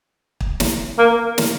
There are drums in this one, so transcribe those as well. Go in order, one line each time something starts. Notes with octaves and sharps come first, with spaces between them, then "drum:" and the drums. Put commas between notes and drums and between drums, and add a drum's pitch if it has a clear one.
drum: kick
drum: snare
A#3
drum: snare